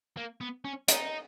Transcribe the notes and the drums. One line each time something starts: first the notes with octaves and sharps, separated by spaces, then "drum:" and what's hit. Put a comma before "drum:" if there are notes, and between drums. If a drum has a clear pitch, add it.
A#3
B3
C#4
D#4, drum: hi-hat